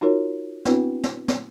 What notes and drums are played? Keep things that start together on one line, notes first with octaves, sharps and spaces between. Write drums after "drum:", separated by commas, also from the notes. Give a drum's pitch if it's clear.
D#4 F4 F#4 A#4 C#5
B3 C4 D4 E4 F#4 B4, drum: snare
drum: snare
drum: snare